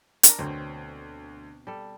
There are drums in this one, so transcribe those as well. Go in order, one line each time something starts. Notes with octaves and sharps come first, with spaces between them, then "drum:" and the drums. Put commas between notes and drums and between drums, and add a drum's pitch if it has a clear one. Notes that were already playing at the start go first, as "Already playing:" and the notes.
D4 A#4, drum: hi-hat
D2 B2 C4 C#5
G3 A4